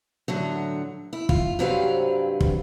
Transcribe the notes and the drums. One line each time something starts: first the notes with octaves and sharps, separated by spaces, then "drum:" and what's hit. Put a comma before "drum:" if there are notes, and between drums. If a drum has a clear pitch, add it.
A2 D3 F#3
E4
F4, drum: kick
G2 C3 F#3 C4 B4 F5
drum: kick